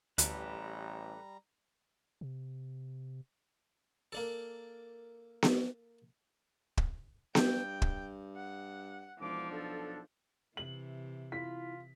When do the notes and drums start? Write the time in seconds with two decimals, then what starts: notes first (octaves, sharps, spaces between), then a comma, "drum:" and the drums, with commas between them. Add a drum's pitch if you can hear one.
0.18 A1 D2 G3 G4 A4 B4 A#5, drum: hi-hat
2.21 C3
4.12 A#3 D4 A4
5.43 drum: snare B3
6.77 drum: kick
7.35 G2 G5, drum: snare B3
7.82 drum: kick
8.36 F#5
9.20 E1 F3 D4 D#4 D6
9.51 B1 D4 A4
10.57 C3 E3 F#7
11.32 E4 F4 B6